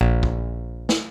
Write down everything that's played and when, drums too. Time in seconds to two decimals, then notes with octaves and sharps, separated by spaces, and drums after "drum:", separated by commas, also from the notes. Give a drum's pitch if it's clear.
0.01 A#1
0.23 drum: kick
0.89 drum: snare